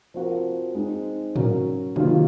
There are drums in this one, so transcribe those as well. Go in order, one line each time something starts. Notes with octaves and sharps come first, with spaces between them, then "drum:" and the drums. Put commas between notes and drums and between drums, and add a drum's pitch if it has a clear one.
F3 C4 F#4 A#4
G#3 C4 D#4
F#3 C#4 F#4 A#4, drum: tom G#2
C3 D#3 F#3 A#3 F4, drum: tom D3